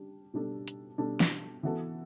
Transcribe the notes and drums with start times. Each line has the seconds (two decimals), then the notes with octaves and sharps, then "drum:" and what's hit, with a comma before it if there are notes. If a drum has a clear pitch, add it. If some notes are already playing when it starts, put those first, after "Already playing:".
Already playing: G3 D4
0.34 B2 G3 D4 A4
0.68 drum: hi-hat
0.98 B2 G3 D4 A4
1.20 drum: snare
1.63 E3 B3 F#4 A4